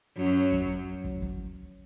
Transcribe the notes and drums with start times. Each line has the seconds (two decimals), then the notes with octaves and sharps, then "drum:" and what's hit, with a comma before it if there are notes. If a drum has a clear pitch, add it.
0.17 F#2 F#3
0.52 drum: kick
1.04 drum: kick
1.22 drum: kick